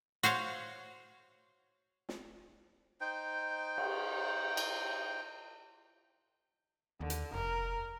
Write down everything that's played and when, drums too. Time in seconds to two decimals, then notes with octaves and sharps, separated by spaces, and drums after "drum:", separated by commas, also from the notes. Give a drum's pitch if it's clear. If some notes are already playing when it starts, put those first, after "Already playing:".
0.23 F#4 C5 C#5 F5, drum: hi-hat
2.09 drum: snare
3.01 D#4 C5 G5
3.78 drum: cymbal
4.57 drum: cymbal
7.00 D#2 D3
7.10 drum: hi-hat
7.34 F1 A#4